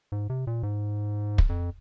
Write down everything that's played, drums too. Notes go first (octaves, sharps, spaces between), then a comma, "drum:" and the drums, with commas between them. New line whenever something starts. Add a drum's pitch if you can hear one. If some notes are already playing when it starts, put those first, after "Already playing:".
G#2
C3
A#2
G#2
drum: kick
F2